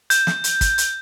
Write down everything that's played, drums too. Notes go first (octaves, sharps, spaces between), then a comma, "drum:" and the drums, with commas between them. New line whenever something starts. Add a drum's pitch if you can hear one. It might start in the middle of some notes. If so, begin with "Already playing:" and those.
G6, drum: hi-hat
drum: snare
drum: hi-hat
drum: kick, hi-hat
drum: hi-hat